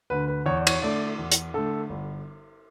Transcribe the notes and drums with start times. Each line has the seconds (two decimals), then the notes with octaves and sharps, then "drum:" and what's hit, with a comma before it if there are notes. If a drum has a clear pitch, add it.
0.10 D2 D3 B4
0.28 B4
0.46 E2 C#5
0.56 D5
0.67 C#5, drum: cymbal
0.82 D3 A3 D5
1.18 E2
1.32 drum: hi-hat
1.54 D3 A3 A4
1.90 G1